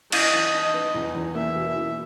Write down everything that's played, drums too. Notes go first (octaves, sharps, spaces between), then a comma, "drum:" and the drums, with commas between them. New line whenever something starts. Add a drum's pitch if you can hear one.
E3 D#5, drum: cymbal
E3
D#4
B3
E2
E2
A#3 E5
B2
E3